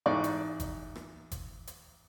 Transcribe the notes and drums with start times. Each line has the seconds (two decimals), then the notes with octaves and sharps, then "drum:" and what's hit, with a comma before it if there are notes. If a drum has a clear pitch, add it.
0.06 A1 G#2 D5 C#6
0.24 drum: hi-hat
0.60 drum: kick G1, hi-hat
0.96 drum: rim click
1.31 drum: kick G1, hi-hat
1.67 drum: hi-hat